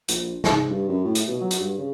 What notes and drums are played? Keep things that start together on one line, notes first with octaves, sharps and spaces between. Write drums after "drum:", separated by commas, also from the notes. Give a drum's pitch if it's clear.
A#1, drum: hi-hat
G#2, drum: snare
G2
F#2
A2
drum: hi-hat
B2
F#3
drum: hi-hat
G2
C#3